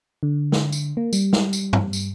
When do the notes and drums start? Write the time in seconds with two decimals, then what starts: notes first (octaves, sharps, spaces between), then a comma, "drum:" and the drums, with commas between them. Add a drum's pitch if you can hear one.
0.23 D3
0.52 drum: snare
0.72 drum: tambourine
0.97 A#3
1.13 G3, drum: tambourine
1.33 drum: snare
1.53 drum: tambourine
1.73 drum: tom G2
1.93 drum: tambourine